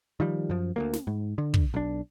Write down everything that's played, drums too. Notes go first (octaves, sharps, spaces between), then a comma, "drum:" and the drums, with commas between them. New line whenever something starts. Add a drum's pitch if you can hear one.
D#3 F3 G3
F#2 F3
D2 F#3 A#3
drum: snare
G#2
D3
drum: kick
B1 D4